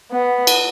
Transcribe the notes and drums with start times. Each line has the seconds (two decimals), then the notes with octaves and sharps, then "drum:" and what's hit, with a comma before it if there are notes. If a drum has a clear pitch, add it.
0.12 B3
0.47 drum: cymbal